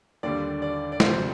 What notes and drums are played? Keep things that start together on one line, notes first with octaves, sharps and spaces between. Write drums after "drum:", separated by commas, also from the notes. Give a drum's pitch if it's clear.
D#2 D3 G3 D5
D5
D5
D2 C3 F3 C5, drum: snare